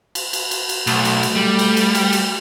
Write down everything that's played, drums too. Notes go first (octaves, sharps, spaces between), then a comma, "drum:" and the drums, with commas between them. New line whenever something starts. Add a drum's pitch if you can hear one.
drum: cymbal
drum: cymbal
drum: cymbal
drum: cymbal
B1 A3, drum: cymbal
drum: cymbal
drum: cymbal
G3
drum: cymbal
drum: cymbal
drum: cymbal
drum: cymbal